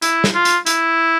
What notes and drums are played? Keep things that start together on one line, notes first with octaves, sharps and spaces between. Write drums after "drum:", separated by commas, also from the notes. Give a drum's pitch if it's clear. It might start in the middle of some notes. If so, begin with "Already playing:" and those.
E4, drum: hi-hat
drum: snare
F4
drum: hi-hat
E4, drum: hi-hat